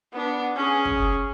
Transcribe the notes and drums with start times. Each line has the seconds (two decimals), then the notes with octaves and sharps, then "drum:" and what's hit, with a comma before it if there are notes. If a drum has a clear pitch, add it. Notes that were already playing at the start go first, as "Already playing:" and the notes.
0.13 B3 D4
0.55 C#4 G#4
0.85 drum: kick